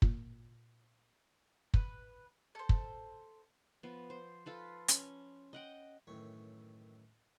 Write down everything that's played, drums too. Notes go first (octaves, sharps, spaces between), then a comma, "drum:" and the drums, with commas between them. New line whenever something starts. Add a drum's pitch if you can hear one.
A#2, drum: kick
B4, drum: kick
A4 C5
drum: kick
F3 B3
C5
F4 A4 B4
C#4, drum: hi-hat
D#5 F#5 G5
F#2 A2 D#3 E3 C#5 C#6